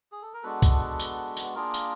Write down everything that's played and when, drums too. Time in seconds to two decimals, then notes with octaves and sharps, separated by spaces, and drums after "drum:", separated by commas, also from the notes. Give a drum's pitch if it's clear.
0.12 G#4
0.22 A4
0.34 A#4
0.43 G#3 B3 D4 F#4 A4 B4
0.62 drum: kick C2, tambourine
1.00 drum: tambourine
1.37 drum: tambourine
1.55 A#3 D4 F4 G#4 A#4
1.74 drum: tambourine